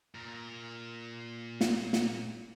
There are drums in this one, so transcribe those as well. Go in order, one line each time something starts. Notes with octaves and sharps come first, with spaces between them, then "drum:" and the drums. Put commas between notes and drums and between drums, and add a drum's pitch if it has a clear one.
A#2 A#4
drum: snare
drum: snare